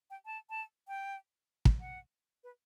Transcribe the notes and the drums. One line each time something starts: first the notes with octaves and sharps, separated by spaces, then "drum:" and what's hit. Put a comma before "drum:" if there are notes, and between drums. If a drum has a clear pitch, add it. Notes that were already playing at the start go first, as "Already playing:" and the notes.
G5
A5
A5
G5
drum: kick
F#5
B4